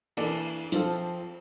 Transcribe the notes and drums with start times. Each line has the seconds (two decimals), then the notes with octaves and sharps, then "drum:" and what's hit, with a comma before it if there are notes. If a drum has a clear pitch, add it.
0.17 E3 A#3 D4 A4 D5, drum: cymbal
0.72 F3 C4 F4 A4, drum: hi-hat